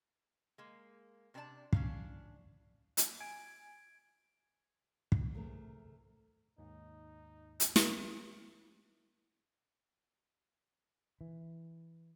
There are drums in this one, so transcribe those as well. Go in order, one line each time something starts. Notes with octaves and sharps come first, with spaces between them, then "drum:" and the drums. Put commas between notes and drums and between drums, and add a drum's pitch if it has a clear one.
G#3 A#3
C3 C4 D4 G#4 D5 A5
C#4 D4 F5, drum: kick
drum: hi-hat
G#5 G#6 D7
drum: kick
C3 A3 G#4 A#4
D#2 G#2 D#4
drum: hi-hat
drum: snare
E3